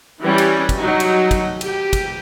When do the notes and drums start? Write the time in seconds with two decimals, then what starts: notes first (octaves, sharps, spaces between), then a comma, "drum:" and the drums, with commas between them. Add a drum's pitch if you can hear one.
0.23 E3 G3 C#4
0.38 drum: cymbal
0.69 drum: kick, cymbal
0.79 F#3 D#4
1.00 drum: cymbal
1.31 drum: kick, cymbal
1.61 G4, drum: cymbal
1.93 drum: kick, cymbal